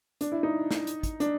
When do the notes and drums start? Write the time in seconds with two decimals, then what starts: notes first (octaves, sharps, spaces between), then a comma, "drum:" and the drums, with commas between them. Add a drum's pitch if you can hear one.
0.21 D4, drum: hi-hat
0.32 E4
0.43 D#4
0.71 drum: snare
0.87 drum: hi-hat
1.03 drum: kick, hi-hat
1.20 D4, drum: hi-hat